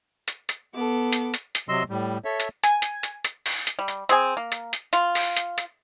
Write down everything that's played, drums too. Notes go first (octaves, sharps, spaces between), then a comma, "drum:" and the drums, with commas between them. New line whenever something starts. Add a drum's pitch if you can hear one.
drum: hi-hat
drum: hi-hat
B3 A4 D6
drum: hi-hat
drum: hi-hat
drum: hi-hat
C3 F#3 D#5 C6 E6
A2 G3
A4 C#5 E5
drum: hi-hat
G#5, drum: hi-hat
drum: hi-hat
drum: hi-hat
drum: hi-hat
drum: open hi-hat
drum: hi-hat
G3
drum: hi-hat
C4 G#4 G#5, drum: hi-hat
A#3
drum: hi-hat
drum: hi-hat
F4, drum: hi-hat
drum: open hi-hat
drum: hi-hat
drum: hi-hat